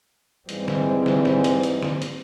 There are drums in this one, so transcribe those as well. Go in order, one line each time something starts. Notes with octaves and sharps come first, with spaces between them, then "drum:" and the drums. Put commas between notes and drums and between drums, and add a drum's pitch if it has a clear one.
G#2 E3 G3 C4, drum: hi-hat
drum: snare
drum: snare
drum: snare
drum: hi-hat
drum: hi-hat
drum: snare
drum: hi-hat